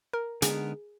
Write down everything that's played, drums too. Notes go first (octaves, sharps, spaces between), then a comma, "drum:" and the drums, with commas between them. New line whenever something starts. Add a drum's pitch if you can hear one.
A#4
D3 G#3 B3 D#4 G#4 A#4, drum: hi-hat